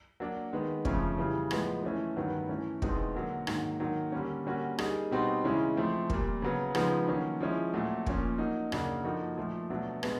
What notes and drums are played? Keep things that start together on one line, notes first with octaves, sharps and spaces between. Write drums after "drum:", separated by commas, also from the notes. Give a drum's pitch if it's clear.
F#3 A#3 D4
D#3 G#3 B3
F2 C#3 F3 A3 C#4, drum: kick
C#3 E3 G3
A2 F3 G#3 B3, drum: rim click
E3 A3 C#4
G2 D#3 F#3 B3
E3 A3 C#4
E2 B2 G#3 C4 D#4, drum: kick
D3 F#3 A#3
G#2 D#3 F#3 A#3, drum: rim click
D#3 F#3 A#3
D3 G3 A#3 C#4
D3 G3 A#3 C#4 F#4
G3 A#3 D#4 G#4, drum: rim click
B2 G3 C4 D#4 F#4
C#3 E3 G#3 C#4 E4
F3 A3 C4
A#2 G3 A#3, drum: kick
C#3 F#3 B3
C#3 F3 G#3 B3 D#4, drum: rim click
D#3 F#3 A#3 C#4
F3 G#3 C#4 E4
A#2 F#3 A3
A#2 F3 A#3 C#4, drum: kick
F#3 A#3 D#4
F#2 C#3 F#3 A#3 D4, drum: rim click
F3 A#3 D#4 F#4 A4
A#2 F3 A3
B2 F#3 A3 D4
B2 G#3 B3, drum: rim click